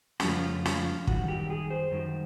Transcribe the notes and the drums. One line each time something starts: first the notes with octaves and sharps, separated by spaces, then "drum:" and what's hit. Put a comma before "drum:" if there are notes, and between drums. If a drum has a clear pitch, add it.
F#4, drum: snare
F2 C#3 F3 A3 F4
F4, drum: snare
F#2 D#3 G3 F#4, drum: kick
G4
G#4
C5
F#2 D#3 G3